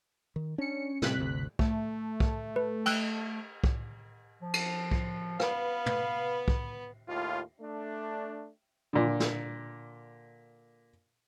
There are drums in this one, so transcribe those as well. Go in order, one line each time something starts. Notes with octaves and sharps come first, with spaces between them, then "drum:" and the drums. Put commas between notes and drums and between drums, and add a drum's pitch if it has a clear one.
D#3
C#4 D4 C#7
A2 C3 G3 F#6 B6, drum: snare
G1 D2
A3, drum: kick
drum: kick
B4
G5 E6 F#6, drum: cymbal
drum: kick
F3
drum: cymbal
drum: kick
B3 B4 F5, drum: rim click
drum: tom
drum: kick
D#2 A2 F4
A3 D4
A#2 D3
drum: snare